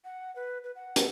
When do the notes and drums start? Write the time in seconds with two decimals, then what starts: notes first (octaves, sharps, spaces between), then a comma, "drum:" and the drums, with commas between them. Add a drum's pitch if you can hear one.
0.04 F#5
0.36 B4
0.64 B4
0.75 F#5
0.96 drum: hi-hat